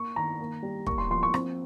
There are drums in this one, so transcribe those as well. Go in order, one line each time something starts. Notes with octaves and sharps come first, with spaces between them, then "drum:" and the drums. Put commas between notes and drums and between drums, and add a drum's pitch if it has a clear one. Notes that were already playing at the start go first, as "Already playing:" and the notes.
Already playing: A#3 C#6
D#3 A#5
A#3
G3
A#3 C#6, drum: kick
C6
F3 C6
C#6
C4, drum: rim click